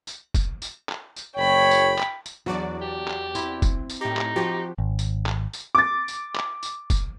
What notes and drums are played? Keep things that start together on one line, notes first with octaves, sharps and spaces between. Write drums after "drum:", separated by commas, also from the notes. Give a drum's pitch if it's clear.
drum: tambourine
drum: kick, tambourine
drum: tambourine
drum: clap
drum: tambourine
F#1 C#5 G5 B5
drum: tambourine
drum: clap
drum: tambourine
E2 F#3 D4 F#4 D5
G4
drum: clap
C4 E4, drum: tambourine
drum: kick, tambourine
drum: tambourine
A2 D#4 G4
drum: clap
F3 F#4 G4
G#1
drum: tambourine
drum: clap
drum: tambourine
D6 A6
drum: tambourine
drum: clap
drum: tambourine
drum: kick, tambourine